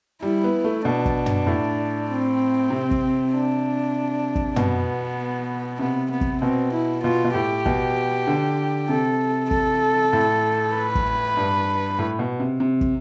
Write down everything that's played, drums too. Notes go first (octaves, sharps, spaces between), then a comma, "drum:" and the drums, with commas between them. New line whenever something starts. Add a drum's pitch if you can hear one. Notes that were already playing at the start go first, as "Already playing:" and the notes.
G3 E4
B3
A3
B2 D4
drum: kick
drum: tom
A2
C4
C3
drum: kick
D4
drum: kick
B2 B3, drum: tom
C3 B3
B3
drum: kick
B2 C4
E4
B2 F4
B2
A2 G4
B2, drum: kick
D3
C3 A4
A4, drum: kick
A2
B4
drum: kick
G2
A2
B2
C3
C3
drum: kick